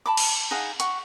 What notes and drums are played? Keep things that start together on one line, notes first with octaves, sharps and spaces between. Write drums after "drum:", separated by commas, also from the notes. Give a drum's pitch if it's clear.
A5 B5 D6
drum: cymbal
D#4 G#4 F5 F#5
F#5 C#6, drum: hi-hat